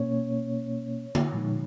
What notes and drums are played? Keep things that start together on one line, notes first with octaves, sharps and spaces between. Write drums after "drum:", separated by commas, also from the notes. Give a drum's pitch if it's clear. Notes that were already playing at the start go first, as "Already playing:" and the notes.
Already playing: B2 A#3 C#4 C#5
drum: tom D3
A#2 F3 G#3 D#4